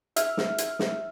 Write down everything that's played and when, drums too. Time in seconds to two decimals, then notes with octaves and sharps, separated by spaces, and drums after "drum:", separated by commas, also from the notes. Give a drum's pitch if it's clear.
0.16 E5 F6, drum: hi-hat
0.37 drum: snare
0.58 drum: hi-hat
0.79 drum: snare